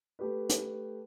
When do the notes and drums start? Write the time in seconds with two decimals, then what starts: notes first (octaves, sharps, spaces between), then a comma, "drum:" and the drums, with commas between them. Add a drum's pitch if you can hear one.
0.19 A3 G4 B4
0.50 drum: hi-hat